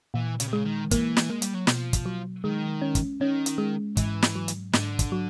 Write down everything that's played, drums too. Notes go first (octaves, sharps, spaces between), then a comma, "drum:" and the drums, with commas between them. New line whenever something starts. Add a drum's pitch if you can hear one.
A#2 E3
C#3, drum: hi-hat
C3
C#3 G#3
D#3
E3 A#3, drum: kick, hi-hat
drum: snare
G#3 A#3
G3, drum: hi-hat
F#3
B2 F3, drum: snare
drum: kick, hi-hat
F#3
D#3 G#3
C#4
drum: kick, hi-hat
D#3 C#4
drum: hi-hat
G#3
G#2 E3, drum: kick, hi-hat
drum: snare
F#3
drum: hi-hat
G#2 D3, drum: snare
drum: kick, hi-hat
F#3